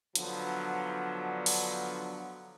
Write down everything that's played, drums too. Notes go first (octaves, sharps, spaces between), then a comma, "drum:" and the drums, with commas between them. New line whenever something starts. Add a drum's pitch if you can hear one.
D3 F3 F#3 B3 D4, drum: hi-hat
drum: open hi-hat